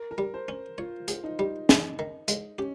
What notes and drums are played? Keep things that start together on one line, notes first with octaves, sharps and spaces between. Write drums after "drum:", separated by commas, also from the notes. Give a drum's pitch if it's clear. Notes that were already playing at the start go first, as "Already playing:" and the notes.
Already playing: A#4
A#4
G3
C5
C#4
F4 C#5
G#4, drum: hi-hat
D#4
G3
C4, drum: snare
D#3
G#3, drum: hi-hat
C#4 G4